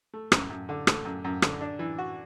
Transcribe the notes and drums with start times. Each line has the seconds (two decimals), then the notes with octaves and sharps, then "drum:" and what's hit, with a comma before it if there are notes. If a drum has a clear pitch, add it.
0.13 A3
0.32 F#2, drum: rim click
0.50 F#2
0.69 D3
0.87 A3, drum: rim click
1.05 F#2
1.24 F#2
1.42 D3, drum: rim click
1.61 D4
1.79 E3
1.98 F#4